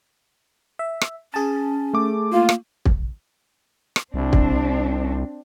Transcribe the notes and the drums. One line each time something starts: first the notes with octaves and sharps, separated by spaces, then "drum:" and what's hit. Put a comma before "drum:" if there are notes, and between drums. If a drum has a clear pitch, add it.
E5
drum: rim click
C#4 G#4 A5
A3 D6
A#3 F4
drum: rim click
drum: kick
drum: rim click
C2 C4 D4
drum: kick